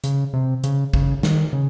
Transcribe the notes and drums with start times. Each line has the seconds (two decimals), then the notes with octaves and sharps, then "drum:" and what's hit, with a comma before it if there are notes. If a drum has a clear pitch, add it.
0.04 C#3, drum: hi-hat
0.33 C3
0.64 C#3, drum: hi-hat
0.94 C#3, drum: kick
1.23 D#3, drum: snare
1.53 C#3